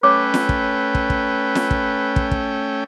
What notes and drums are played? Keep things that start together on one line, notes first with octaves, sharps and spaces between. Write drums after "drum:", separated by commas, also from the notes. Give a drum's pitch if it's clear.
A3 C#4 B4 C#5 G5 D6
drum: snare
drum: kick
drum: kick
drum: kick
drum: snare
drum: kick
drum: kick
drum: kick